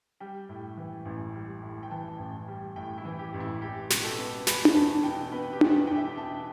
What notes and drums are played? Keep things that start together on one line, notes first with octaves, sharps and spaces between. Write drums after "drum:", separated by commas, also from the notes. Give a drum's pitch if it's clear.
G3 G5
A2
E3
A1
G3
A2
G5
E3 A5
A1
G3
A2 G5
E4
E3
G4
A1
E4
E2 G4
B2, drum: snare
A4
B3
E2 B5, drum: snare
drum: tom D4
E2 A5
B2 G5
B3 B4
G4
E2, drum: tom D4
B4
E2 G5
E5
B2 A5